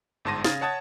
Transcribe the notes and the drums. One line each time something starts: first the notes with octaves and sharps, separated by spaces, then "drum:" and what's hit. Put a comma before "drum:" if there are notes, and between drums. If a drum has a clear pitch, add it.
G1 G#2 A5 C6 A#6 D#7
C#3 F5 D#6 G#6 A6, drum: snare
C#5 F#5 A5 D#6 G#6 A6